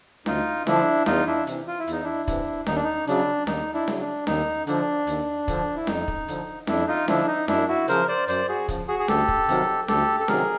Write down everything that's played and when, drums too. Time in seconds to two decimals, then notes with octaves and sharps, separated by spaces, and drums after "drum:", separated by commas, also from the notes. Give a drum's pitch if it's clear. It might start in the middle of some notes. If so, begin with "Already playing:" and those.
0.26 D2 D#4 F4, drum: snare C#4
0.67 D3 F3 D4 E4, drum: snare C#4
1.06 E2 D#4 F4, drum: snare C#4
1.27 D4 E4
1.47 C3 E3, drum: hi-hat
1.67 F4
1.80 E4
1.87 E2 D#4, drum: hi-hat
2.04 D4 E4
2.28 C3 E3, drum: kick, hi-hat
2.66 D#2 D#4, drum: snare C#4
2.76 D4
2.84 D#4
3.07 C#3 F#3 D4, drum: hi-hat
3.47 D#2 D#4, drum: snare C#4
3.73 D4 E4
3.88 C#3 F#3, drum: snare C#4
4.00 D4
4.27 D#2 D#4, drum: snare C#4
4.67 D3 F3 D4, drum: hi-hat
5.07 D#2, drum: hi-hat
5.48 D3 F3, drum: kick, hi-hat
5.76 E4
5.87 F2 D#4, drum: snare C#4
6.08 drum: kick
6.28 D3 F3, drum: hi-hat
6.67 F2 D4 E4, drum: snare C#4
6.87 D#4 F4
7.08 D3 F3 D4 E4, drum: snare C#4
7.27 D#4
7.48 F#2 D4 E4, drum: snare C#4
7.68 E4 F#4
7.88 C#3 F3 A#4 C5, drum: hi-hat
8.08 C5 D5
8.28 F#2 C5 D5, drum: hi-hat
8.49 F#4 G#4
8.68 C#3 F3, drum: kick, hi-hat
8.88 F#4 G#4
8.99 G#4
9.08 D2 G4 A4, drum: snare C#4
9.28 drum: kick
9.49 C3 D#3 F#3, drum: hi-hat
9.88 D2 G4 A4, drum: snare C#4
10.20 A4
10.28 C3 D#3 F#3 G#4 A#4, drum: snare C#4